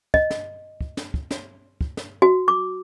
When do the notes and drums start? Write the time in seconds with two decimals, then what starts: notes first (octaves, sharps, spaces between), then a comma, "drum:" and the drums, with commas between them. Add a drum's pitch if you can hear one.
0.14 D#5, drum: kick
0.31 drum: snare
0.81 drum: kick
0.97 drum: snare
1.14 drum: kick
1.31 drum: snare
1.81 drum: kick
1.97 drum: snare
2.22 F#4
2.48 D6